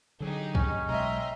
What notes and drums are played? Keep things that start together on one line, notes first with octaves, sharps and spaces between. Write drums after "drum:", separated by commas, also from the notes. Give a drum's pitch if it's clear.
D3 F#3 D#4 G4 G#4
C#4, drum: kick
B1 G#3 D#5 E5 G5 A#5 C6